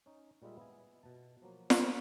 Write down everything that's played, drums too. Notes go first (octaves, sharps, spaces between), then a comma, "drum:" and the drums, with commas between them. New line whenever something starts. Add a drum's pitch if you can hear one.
C#4 D#4
A#2 G3 G#3 F4 D#5 E5
B3 E4 D#5 G#5
B2 A5
F3 F#3 A#3
C#4, drum: snare